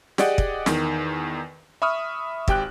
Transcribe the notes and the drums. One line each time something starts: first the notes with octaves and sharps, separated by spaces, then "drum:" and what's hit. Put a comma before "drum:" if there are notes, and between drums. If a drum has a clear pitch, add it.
G4 G#4 D5 D#5 F#5 G5, drum: snare
drum: kick
E2 D#3, drum: snare
E5 B5 C#6 D#6 F6
G#1 G4 G5 F#6, drum: kick